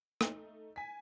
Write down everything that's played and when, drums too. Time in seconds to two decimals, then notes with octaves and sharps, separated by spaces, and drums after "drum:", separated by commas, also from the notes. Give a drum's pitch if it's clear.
0.21 A3 D#4, drum: rim click
0.76 G#5 B6